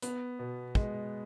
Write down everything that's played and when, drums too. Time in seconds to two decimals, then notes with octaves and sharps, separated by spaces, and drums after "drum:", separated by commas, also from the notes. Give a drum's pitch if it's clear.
0.02 B3, drum: hi-hat
0.39 B2
0.75 G#3, drum: kick